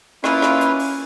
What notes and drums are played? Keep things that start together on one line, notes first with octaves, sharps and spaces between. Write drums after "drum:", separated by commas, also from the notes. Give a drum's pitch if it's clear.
A#3 C#4 E4 F4 B4, drum: rim click
drum: rim click
drum: hi-hat
drum: open hi-hat